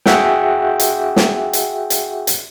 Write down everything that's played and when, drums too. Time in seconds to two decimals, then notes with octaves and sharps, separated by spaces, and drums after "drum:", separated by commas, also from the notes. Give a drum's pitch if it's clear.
0.06 F#4 G#4 E5 F#5 G5, drum: snare
0.79 drum: hi-hat
1.16 drum: snare
1.53 drum: hi-hat
1.90 drum: hi-hat
2.27 drum: hi-hat